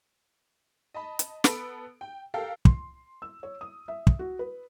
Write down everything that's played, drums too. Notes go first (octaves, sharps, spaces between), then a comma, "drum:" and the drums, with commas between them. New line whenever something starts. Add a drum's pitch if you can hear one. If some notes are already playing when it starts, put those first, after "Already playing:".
D#5 A5 B5
drum: hi-hat
B3 A4 B5 D7, drum: snare
G5
G4 A4 A#4 F5 G5
C6, drum: kick
E6
C#5
D#6
E5
drum: kick
F#4
B4